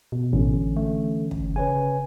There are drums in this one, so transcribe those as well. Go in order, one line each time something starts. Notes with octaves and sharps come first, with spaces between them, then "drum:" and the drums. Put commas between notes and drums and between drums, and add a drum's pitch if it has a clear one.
B2
A1 D3 E3 C#4
A3
drum: kick
C#3 B4 C#5 G#5